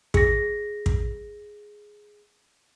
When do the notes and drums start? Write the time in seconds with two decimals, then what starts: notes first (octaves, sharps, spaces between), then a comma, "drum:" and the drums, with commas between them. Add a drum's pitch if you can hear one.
0.14 G#4 A#6, drum: kick
0.86 drum: kick